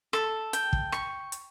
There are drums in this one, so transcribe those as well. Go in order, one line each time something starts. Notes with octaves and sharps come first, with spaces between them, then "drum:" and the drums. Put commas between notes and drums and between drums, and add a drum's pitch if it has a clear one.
A4, drum: rim click
G5, drum: hi-hat
drum: kick
C#6, drum: rim click
drum: hi-hat